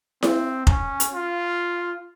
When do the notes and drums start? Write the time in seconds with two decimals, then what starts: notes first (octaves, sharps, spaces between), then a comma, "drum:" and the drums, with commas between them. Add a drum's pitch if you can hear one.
0.23 C4, drum: snare E4
0.67 C#4, drum: kick F1
1.00 drum: hi-hat
1.13 F4